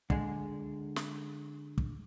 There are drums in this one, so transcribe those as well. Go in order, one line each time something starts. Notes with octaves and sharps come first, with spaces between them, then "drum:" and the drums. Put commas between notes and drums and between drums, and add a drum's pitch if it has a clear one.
D3 G#3, drum: kick
drum: snare
drum: kick